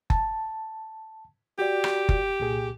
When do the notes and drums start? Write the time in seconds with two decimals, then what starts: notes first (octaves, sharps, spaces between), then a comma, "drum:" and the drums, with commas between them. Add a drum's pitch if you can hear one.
0.10 A5, drum: kick F#1
1.59 F#4 G4 D5
1.84 drum: rim click
2.09 drum: kick F#1
2.40 C2 A#2 G#4